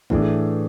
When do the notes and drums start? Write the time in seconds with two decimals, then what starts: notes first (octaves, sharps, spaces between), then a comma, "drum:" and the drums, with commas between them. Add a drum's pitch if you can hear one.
0.10 A2 E3 A3 D4 G#4, drum: kick